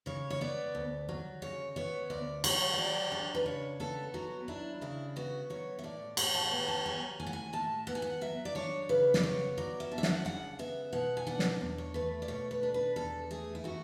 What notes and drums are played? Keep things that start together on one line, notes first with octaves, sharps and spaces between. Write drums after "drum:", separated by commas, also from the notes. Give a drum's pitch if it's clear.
C#3 C#5
C#5
B3 D5
D2
F#3
C#3 C#5
B3 C#5
D2 D5
F#3 C#5, drum: cymbal
C#5
F#3 D5
D4
B4
C#3 C#5
B3 A4
F#3 F#4
D4 E4
C#3 E4
B3 F#4
F#3 C#5
E5
A2 D5
A2 F#5, drum: cymbal
A5
B3 G#5
A5
F#3 G#5
A2 G#5
F#5
G#5
A2 A5
B3 F#5
G#5
F#5
F#3 E5
D5
D4 C#5
C#3 B4
D5, drum: snare
B3 C#5
F#3 D5
E5
D4
E5
F#5, drum: snare
C#3 F#5
B3 E5
B2 F#5
G#5
D4 F#5
drum: snare
E2
C#5
A3 B4
D5
B2 C#5
B4
D4
B4
E2 A4
A3 G#4
E4
A3 F#4